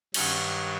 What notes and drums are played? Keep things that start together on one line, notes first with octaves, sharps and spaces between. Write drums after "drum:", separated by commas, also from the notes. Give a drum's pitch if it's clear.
G2 D#3 F#3 C#4, drum: cymbal